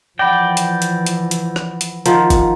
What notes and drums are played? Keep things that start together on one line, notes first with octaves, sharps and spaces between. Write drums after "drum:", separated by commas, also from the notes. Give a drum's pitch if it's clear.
E3 F3 D5 F#5 G5 B5 A#6
drum: hi-hat
drum: hi-hat
drum: hi-hat
drum: hi-hat
drum: rim click
drum: hi-hat
D#3 F3 F5 F#5 A#5, drum: hi-hat
drum: kick F#1, hi-hat